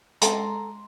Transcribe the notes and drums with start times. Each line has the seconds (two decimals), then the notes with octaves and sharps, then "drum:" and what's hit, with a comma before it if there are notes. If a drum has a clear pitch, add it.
0.22 G#3 A4 A#5 C6, drum: hi-hat